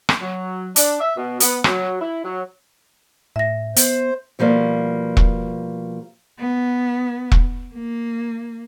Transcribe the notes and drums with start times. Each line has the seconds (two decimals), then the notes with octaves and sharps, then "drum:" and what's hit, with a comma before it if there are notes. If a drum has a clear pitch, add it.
0.09 drum: rim click
0.21 F#3
0.76 D4, drum: hi-hat
1.00 E5
1.17 B2
1.40 B3, drum: hi-hat
1.64 F#3, drum: rim click
2.00 E4
2.23 F#3
3.36 A2 E5 A#6
3.76 B3 C5, drum: hi-hat
4.39 B2 F3 G3 A#3 B3
5.17 drum: kick E1
6.39 B3
7.32 drum: kick E1
7.75 A#3